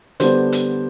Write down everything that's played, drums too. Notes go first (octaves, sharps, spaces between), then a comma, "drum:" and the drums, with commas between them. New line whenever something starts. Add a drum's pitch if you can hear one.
D3 G3 B3 D4 C5, drum: hi-hat
drum: hi-hat